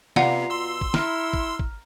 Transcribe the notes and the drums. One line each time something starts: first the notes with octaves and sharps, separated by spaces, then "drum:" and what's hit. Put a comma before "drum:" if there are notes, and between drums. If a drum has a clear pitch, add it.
C3 B3 F4 D5 F5 F#5 A#5 C7, drum: snare
B2 C6 E6
drum: kick
E4 A#5 F6, drum: snare
drum: kick
drum: kick